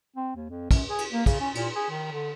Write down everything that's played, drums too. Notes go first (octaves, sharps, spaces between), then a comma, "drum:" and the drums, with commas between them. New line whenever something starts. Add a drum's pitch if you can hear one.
C4
D#2
F2
F#2, drum: kick, cymbal
G#4
drum: cymbal
A#3
C#3, drum: kick, cymbal
C#4
A#2, drum: cymbal
G#4
D#3
D3